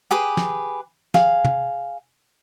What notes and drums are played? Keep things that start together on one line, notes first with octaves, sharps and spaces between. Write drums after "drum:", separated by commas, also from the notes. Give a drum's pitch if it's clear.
G4 G#4 B4 D6
drum: snare
G#4 F5, drum: snare
drum: tom